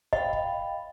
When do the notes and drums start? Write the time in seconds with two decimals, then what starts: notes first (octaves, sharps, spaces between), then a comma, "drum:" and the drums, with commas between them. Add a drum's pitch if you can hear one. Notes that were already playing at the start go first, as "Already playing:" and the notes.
0.13 D#5 F5 G5 B5, drum: kick
0.33 drum: kick